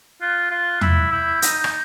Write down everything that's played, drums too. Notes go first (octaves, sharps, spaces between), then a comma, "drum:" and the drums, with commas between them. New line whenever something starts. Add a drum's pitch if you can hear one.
F4 F#6
F4
E4, drum: tom E2
E4 G6
D#4, drum: hi-hat
drum: rim click